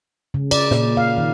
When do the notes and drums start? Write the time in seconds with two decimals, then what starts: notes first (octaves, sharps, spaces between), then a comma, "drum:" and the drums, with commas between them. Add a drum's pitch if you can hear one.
0.34 C#3
0.51 D5, drum: cymbal
0.71 A#2, drum: snare
0.97 F5
1.18 D#3